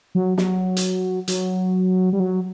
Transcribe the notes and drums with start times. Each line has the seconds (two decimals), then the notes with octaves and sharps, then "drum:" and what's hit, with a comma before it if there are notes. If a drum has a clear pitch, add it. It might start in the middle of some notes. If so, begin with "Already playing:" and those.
0.15 F#3
0.38 F#3, drum: snare
0.77 drum: hi-hat
1.28 F#3, drum: hi-hat
2.13 G3
2.20 F#3